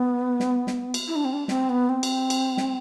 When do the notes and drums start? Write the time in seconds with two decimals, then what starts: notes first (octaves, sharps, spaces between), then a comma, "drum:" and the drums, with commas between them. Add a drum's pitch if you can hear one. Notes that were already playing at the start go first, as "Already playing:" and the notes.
Already playing: B3
0.40 drum: snare
0.67 drum: snare
0.94 drum: cymbal
1.08 E4
1.16 D4
1.25 C4
1.33 D4
1.48 C4, drum: snare
1.69 B3
1.89 C4
2.03 drum: cymbal
2.30 drum: cymbal
2.57 drum: snare